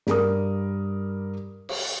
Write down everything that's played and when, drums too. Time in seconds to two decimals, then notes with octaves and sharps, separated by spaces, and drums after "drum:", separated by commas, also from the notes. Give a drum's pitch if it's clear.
0.07 G2 G3 A#4 D#6, drum: snare
1.69 drum: cymbal